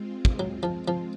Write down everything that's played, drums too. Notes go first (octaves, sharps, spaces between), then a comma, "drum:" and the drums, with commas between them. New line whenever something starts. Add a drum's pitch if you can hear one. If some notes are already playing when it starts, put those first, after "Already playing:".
Already playing: G#3 C4 F4
drum: kick
F#3
F3
F3